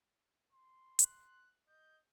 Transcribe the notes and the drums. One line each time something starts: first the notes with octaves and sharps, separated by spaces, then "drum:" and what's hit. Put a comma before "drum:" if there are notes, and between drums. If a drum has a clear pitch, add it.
C6
F#6, drum: hi-hat
D#5 G6